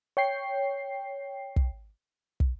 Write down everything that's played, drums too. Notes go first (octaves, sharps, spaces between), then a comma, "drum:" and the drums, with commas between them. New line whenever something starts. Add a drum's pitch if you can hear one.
C#5 G5 C7
drum: kick
drum: kick